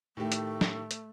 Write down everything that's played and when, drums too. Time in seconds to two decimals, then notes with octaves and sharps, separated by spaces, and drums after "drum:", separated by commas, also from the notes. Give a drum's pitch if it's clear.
0.17 A2 D#3 A3 G4
0.32 drum: hi-hat
0.61 drum: snare
0.91 drum: hi-hat